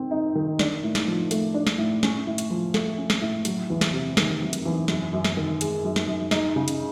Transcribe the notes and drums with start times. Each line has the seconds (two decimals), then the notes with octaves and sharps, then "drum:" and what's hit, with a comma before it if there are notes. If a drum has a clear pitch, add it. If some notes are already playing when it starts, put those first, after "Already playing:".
Already playing: D#3 C4
0.11 D#4
0.35 D#3
0.59 D4, drum: snare
0.83 A2
0.95 drum: snare
1.08 F3
1.31 A3, drum: hi-hat
1.54 D4
1.67 drum: snare
1.78 A2
2.03 C#4, drum: snare
2.27 A2
2.38 drum: hi-hat
2.51 F3
2.74 A3, drum: snare
2.98 C#4
3.10 drum: snare
3.21 A2
3.45 F#3, drum: hi-hat
3.70 E2
3.81 drum: snare
3.93 C3
4.17 D#3, drum: snare
4.41 F#3
4.53 drum: hi-hat
4.65 E2
4.88 F#2, drum: snare
5.13 F#2
5.25 drum: snare
5.37 D#3
5.61 G#3, drum: hi-hat
5.85 F#2
5.96 drum: snare
6.08 F#2
6.31 D#4, drum: snare
6.56 C#3
6.68 drum: hi-hat